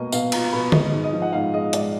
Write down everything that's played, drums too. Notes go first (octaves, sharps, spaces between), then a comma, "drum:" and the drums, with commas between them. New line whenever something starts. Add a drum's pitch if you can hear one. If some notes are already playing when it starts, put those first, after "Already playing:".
Already playing: B2 A#3 D#5
B2 F5, drum: tambourine
F4 A#5, drum: cymbal
B2 B5
G#3 D#5, drum: tom
G#2
D#5
F3
F#5
G#2 F5
G#3 D#5
G#2 D5, drum: hi-hat